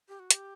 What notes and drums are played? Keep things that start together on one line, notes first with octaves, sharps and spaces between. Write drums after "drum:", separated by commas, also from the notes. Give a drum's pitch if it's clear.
G4
F#4
G4, drum: hi-hat